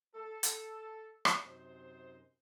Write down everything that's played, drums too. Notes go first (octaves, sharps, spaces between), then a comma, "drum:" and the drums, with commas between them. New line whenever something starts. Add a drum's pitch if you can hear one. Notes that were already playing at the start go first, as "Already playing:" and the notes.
A4
drum: hi-hat
drum: rim click
F#2 C3 D#4 C5